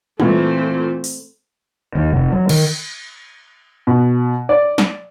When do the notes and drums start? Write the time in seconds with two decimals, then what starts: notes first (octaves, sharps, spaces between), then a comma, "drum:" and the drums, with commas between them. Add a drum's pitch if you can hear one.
0.20 A#2 E3 A3 C4, drum: tom G3
1.04 drum: open hi-hat
1.95 D#2
2.13 F1
2.32 F#3
2.49 D#3, drum: cymbal
3.87 B2
4.49 D5
4.78 drum: snare